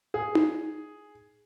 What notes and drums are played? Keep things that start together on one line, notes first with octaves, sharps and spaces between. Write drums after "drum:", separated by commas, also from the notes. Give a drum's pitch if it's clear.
G#4
drum: tom D#4